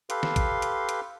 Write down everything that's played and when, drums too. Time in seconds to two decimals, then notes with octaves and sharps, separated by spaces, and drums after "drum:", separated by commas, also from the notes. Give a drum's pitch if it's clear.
0.10 G4 A4 B4 F5 C6, drum: hi-hat
0.23 drum: snare
0.36 drum: kick, hi-hat
0.62 drum: hi-hat
0.89 drum: hi-hat